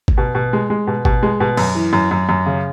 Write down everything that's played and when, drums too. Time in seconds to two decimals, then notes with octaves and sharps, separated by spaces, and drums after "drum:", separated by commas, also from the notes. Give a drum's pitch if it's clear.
0.08 drum: kick G#1
0.18 B2
0.35 B2
0.53 G#3
0.70 G#3
0.87 B2
1.05 B2, drum: kick G#1
1.23 G#3
1.40 B2
1.57 F#2, drum: cymbal
1.75 E3
1.93 F#2
2.11 F#2
2.29 F#2
2.46 C#3